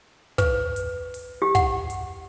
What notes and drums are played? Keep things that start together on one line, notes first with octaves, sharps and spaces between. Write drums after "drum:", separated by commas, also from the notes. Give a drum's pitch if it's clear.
B4, drum: kick, hi-hat
drum: hi-hat
drum: open hi-hat
G4
F#5, drum: kick, hi-hat
drum: hi-hat